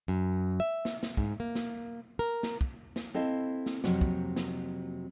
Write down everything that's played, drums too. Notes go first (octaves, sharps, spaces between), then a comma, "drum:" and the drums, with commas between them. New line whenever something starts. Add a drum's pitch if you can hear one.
F#2
E5
drum: snare
drum: snare
G#2, drum: kick
A#3
drum: snare
A#4
drum: snare
drum: kick
drum: snare
C4 E4 A4 D#5 F5
drum: snare
F2 C3 F#3 A#3 F#4, drum: snare
drum: kick
drum: snare